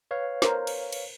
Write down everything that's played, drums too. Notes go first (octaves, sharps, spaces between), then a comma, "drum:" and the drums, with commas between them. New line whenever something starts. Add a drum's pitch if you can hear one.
B4 C#5 F5
A#4 C5, drum: snare
drum: cymbal
drum: cymbal